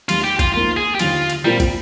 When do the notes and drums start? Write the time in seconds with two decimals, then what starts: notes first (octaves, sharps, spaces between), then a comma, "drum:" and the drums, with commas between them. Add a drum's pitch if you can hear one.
0.09 D#2 D#3 G3 F4, drum: cymbal
0.24 G4
0.39 F4, drum: kick, cymbal
0.54 F3 A#3 D#4 F4 A#4
0.77 G#4
0.95 G4
0.99 D#2 D3 F3 F4, drum: cymbal
1.30 drum: cymbal
1.45 A#2 F3 G3 C4 F4 A#4
1.60 drum: kick, cymbal